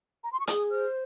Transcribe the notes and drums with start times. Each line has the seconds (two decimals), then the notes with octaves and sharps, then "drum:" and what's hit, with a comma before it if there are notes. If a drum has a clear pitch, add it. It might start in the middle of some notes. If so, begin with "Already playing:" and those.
0.24 A#5
0.32 C6
0.40 C#6
0.47 G#4 D#6, drum: hi-hat
0.70 C5 F6